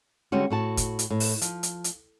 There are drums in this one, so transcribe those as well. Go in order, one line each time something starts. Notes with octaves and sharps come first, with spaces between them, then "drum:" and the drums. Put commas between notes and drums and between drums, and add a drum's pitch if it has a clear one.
D3 G3 G#3 C#4 F#4
A2 F#4 A5
drum: kick, hi-hat
drum: hi-hat
A2
drum: open hi-hat
F3, drum: hi-hat
drum: hi-hat
drum: hi-hat